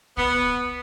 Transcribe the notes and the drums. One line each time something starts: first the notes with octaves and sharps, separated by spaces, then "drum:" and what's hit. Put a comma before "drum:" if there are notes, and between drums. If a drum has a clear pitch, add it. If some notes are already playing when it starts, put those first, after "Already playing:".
B3, drum: kick